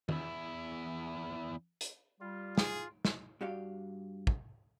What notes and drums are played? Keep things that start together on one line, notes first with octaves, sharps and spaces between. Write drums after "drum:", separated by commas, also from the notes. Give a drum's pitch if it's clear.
E2 E4, drum: tom
drum: hi-hat
G3 F4
G#4, drum: snare
drum: snare
G2 F#4 G4 D5 F5
drum: kick